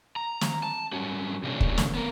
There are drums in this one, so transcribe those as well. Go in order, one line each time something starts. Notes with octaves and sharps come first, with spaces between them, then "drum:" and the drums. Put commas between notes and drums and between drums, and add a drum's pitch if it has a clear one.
A#5
drum: snare
A5
G3 C#4 F#4
C3 F3 G#3 A#3 C#4 D4
drum: kick
drum: snare
B3 A#4